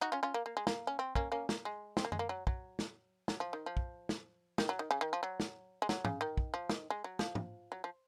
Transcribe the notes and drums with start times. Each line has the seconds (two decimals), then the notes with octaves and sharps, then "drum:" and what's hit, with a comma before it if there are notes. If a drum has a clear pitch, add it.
0.01 D#4 F#4
0.12 C#4 F4
0.23 C#4 F4
0.34 A#3
0.46 A#3
0.57 G#3
0.67 A#3, drum: snare
0.87 C#4
0.99 C4
1.15 A#3 C#4, drum: kick
1.32 A#3 C#4
1.49 A#3, drum: snare
1.65 G#3
1.97 C4, drum: snare
2.05 A#3
2.12 G#3, drum: tom F#2
2.19 A#3
2.29 F#3
2.47 F#3, drum: kick
2.79 drum: snare
3.28 F#3, drum: snare
3.40 F3
3.53 D#3
3.66 F3
3.77 drum: kick
4.09 drum: snare
4.58 D#3, drum: snare
4.69 F#3
4.79 D#3
4.91 C#3
5.01 D#3
5.13 F3
5.23 F#3
5.40 drum: snare
5.82 G#3
5.89 F#3, drum: snare
6.05 C#3, drum: tom G#2
6.21 D#3
6.37 drum: kick
6.54 F3
6.69 D#3, drum: snare
6.90 G#3
7.04 F#3
7.19 F3, drum: snare
7.35 drum: tom G#2
7.72 F#3
7.84 F3